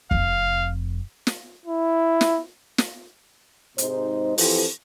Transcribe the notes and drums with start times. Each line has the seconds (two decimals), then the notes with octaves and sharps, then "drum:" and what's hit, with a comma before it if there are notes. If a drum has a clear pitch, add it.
0.11 F1 F2 F5, drum: kick
1.27 drum: snare
1.66 E4
2.21 drum: snare
2.78 drum: snare
3.78 G#2 C3 G#3 D#4 C5, drum: hi-hat
4.38 E3 F3 C4 G4 A4, drum: open hi-hat